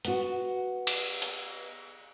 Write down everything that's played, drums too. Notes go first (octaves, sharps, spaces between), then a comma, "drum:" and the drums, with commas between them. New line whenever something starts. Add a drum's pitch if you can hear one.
B3 F#4, drum: hi-hat
drum: cymbal
drum: hi-hat